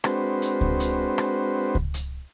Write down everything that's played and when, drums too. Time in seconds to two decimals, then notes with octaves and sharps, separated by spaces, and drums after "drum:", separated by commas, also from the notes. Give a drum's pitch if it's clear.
0.04 G#3 C4 D4 F#4 B4 C5, drum: rim click
0.42 drum: hi-hat
0.61 drum: kick C#2
0.80 drum: hi-hat
1.18 drum: rim click
1.75 drum: kick C#2
1.94 drum: hi-hat